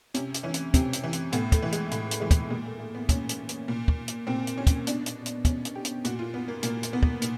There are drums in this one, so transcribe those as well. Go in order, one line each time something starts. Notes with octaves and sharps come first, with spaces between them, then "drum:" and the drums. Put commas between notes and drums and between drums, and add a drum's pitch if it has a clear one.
C3 C#4, drum: hi-hat
drum: hi-hat
E3 C#4
drum: hi-hat
C3 C4, drum: kick, hi-hat
drum: hi-hat
E3
drum: hi-hat
A2 B3, drum: hi-hat
A3, drum: kick, hi-hat
E3
G#3, drum: hi-hat
A2, drum: hi-hat
drum: hi-hat
E3 G#3
drum: kick, hi-hat
A#2 G#3
A3
A3
B3
A#2 C#4, drum: kick, hi-hat
drum: hi-hat
drum: hi-hat
A#2
drum: kick
drum: hi-hat
A#2 C4
drum: hi-hat
C#4
drum: kick, hi-hat
B2 D4, drum: hi-hat
drum: hi-hat
drum: hi-hat
B2 C#4, drum: kick, hi-hat
drum: hi-hat
G4
drum: hi-hat
A#2 F#4, drum: hi-hat
F4
B3
A#3
A#2 A#3, drum: hi-hat
drum: hi-hat
B3
drum: kick
A#2, drum: hi-hat